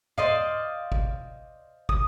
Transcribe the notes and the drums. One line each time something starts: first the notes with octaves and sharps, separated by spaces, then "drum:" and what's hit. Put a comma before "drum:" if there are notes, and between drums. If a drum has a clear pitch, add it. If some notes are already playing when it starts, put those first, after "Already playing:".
C5 D5 D#5 F5, drum: tom G#2
drum: kick
D#6, drum: kick